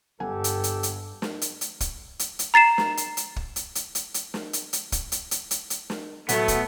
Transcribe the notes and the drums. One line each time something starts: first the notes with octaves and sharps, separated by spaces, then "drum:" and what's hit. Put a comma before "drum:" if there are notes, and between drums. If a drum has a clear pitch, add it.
G1 G2 G4 A4 F#5 G#5
drum: hi-hat
drum: hi-hat
drum: hi-hat
drum: snare
drum: hi-hat
drum: hi-hat
drum: kick, hi-hat
drum: hi-hat
drum: hi-hat
A#5 A6 C7 E7
drum: snare
drum: hi-hat
drum: hi-hat
drum: kick
drum: hi-hat
drum: hi-hat
drum: hi-hat
drum: hi-hat
drum: snare
drum: hi-hat
drum: hi-hat
drum: kick, hi-hat
drum: hi-hat
drum: hi-hat
drum: hi-hat
drum: hi-hat
drum: snare
A2 F#3 A3 B3 F#4, drum: hi-hat
drum: kick, hi-hat